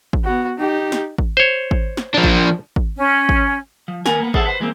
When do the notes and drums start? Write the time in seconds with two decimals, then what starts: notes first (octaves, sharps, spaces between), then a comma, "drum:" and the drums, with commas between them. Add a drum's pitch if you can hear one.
0.13 drum: kick G#1
0.24 B3 F#4
0.58 D#4 G4
0.92 drum: snare
1.18 drum: kick G#1
1.37 C5 C#5
1.71 drum: kick G#1
1.97 drum: snare
2.14 F3 D4
2.24 drum: kick G#1
2.76 drum: kick G#1
2.96 C#4
3.29 drum: kick G#1
3.88 F3
4.06 D#2 B3 A#4 G#5, drum: snare
4.20 A#3 B3
4.34 G#4 A4 C5 E5 F#5 A5, drum: kick G#1
4.45 B4 C5
4.60 E3 G#3 A#3 C4